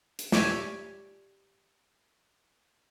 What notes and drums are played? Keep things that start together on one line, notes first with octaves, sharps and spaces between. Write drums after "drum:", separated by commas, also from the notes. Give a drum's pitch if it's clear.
drum: hi-hat
G4 C#5 D5 E5 G#5, drum: snare